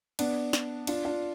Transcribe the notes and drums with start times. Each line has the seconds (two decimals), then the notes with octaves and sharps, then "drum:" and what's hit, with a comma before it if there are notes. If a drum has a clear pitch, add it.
0.19 B3 D4, drum: cymbal
0.53 drum: snare
0.87 D4 F4, drum: cymbal
1.05 D4 F4